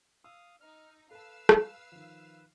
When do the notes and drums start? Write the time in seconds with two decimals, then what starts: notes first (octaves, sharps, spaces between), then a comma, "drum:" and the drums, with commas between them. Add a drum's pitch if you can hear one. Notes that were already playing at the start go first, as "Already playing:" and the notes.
0.24 F5 D#6 E6
0.61 D#4 F6
1.11 A4 B4 F5 A5 E6
1.49 drum: rim click
1.92 D#3 F3